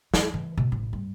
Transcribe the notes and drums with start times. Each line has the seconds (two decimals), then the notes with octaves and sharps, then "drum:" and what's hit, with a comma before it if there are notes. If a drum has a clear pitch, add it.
0.14 E4, drum: snare
0.34 E3
0.57 B2
0.72 A1
0.93 G2